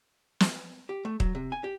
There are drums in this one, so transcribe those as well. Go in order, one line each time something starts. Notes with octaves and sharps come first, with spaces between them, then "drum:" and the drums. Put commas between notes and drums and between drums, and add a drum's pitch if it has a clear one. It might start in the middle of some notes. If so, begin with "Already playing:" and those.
drum: snare
G4
A3
F#3, drum: kick
C3
G#5
G4